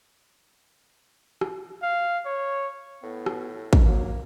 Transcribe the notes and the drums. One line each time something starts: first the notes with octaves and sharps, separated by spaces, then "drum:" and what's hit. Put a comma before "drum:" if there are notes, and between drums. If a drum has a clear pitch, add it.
drum: rim click
F5
C#5
A2 B3
drum: rim click
drum: kick
F#3 A#3